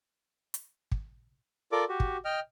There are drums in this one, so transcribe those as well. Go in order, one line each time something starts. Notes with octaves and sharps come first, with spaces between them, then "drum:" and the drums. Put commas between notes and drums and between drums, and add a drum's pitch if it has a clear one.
drum: hi-hat
drum: kick
F4 A4 A#4 D5 D6
F#4 G4
drum: kick
D#5 G5 F6